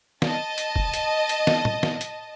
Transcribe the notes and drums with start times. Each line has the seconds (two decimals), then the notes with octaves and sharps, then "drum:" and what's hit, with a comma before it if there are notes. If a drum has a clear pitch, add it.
0.22 D#5 A5, drum: snare
0.58 drum: hi-hat
0.76 drum: kick
0.94 drum: hi-hat
1.29 drum: hi-hat
1.47 drum: snare
1.65 drum: tom
1.83 drum: snare
2.01 drum: hi-hat